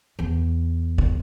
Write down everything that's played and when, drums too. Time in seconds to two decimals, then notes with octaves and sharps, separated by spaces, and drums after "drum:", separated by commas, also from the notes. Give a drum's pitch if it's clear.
0.19 E2
0.98 drum: kick